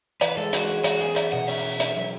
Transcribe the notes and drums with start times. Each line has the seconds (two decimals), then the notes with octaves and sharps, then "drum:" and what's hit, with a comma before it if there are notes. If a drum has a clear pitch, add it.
0.21 E3 B4, drum: hi-hat
0.37 G#3 A4
0.53 G#3 F#4, drum: hi-hat
0.69 C#4
0.84 G#3 F#4, drum: hi-hat
1.01 B3 G#4
1.16 B3 E5, drum: hi-hat
1.32 B2 F#5
1.48 C#4 E5, drum: open hi-hat
1.64 C#4
1.80 C#4, drum: hi-hat
1.96 F#3